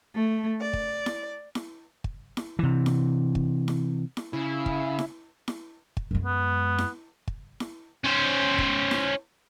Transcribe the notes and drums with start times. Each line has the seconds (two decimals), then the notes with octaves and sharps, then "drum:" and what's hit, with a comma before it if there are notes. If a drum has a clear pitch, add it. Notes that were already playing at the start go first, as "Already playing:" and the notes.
0.14 A3
0.60 D5
0.73 drum: kick
1.06 drum: snare E4
1.55 drum: snare E4
2.04 drum: kick
2.37 drum: snare E4
2.59 C3 E3
2.86 drum: snare E4
3.35 drum: kick
3.68 drum: snare E4
4.17 drum: snare E4
4.33 C#3 E4
4.66 drum: kick
4.99 drum: snare E4
5.48 drum: snare E4
5.97 drum: kick
6.11 F#2 G#3
6.25 B3
6.78 drum: snare E4
7.28 drum: kick
7.60 drum: snare E4
8.04 C#4 C5
8.58 drum: kick
8.91 drum: snare E4